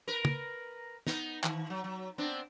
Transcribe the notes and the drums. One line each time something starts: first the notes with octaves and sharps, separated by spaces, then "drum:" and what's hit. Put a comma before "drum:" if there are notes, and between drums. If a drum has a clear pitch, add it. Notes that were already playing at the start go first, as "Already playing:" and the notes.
A#4 B4
drum: tom
B3 D#4, drum: snare
D#3, drum: clap
F#3
F#3
B3 C4 D4